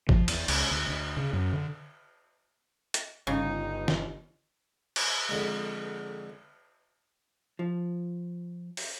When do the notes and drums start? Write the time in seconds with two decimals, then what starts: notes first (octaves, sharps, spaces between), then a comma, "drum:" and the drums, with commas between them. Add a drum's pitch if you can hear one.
0.09 F3, drum: kick G1
0.28 E2, drum: cymbal
0.48 C#2, drum: cymbal
0.71 D2
0.89 D2
1.17 C#3
1.33 F#2
1.53 D3
2.94 drum: hi-hat
3.27 G1 C#3 D#4
3.88 drum: snare
4.96 drum: cymbal
5.29 F2 D3 G#3
7.59 F3
8.77 drum: open hi-hat